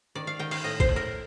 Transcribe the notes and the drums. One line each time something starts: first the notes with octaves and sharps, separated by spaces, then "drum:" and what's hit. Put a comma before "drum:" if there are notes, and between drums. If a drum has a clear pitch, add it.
D#3 D5
F5
D#3 G5
F5, drum: cymbal
A2 D#5
C5, drum: kick
A2
A#4